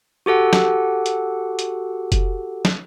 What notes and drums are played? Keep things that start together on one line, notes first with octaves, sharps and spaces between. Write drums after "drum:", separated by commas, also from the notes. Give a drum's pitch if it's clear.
F#4 G4 A4 F#5
drum: snare
drum: hi-hat
drum: hi-hat
drum: kick F1, hi-hat
drum: snare